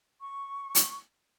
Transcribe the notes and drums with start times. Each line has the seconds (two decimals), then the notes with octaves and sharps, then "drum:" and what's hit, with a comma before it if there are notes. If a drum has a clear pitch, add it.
0.20 C#6
0.75 drum: hi-hat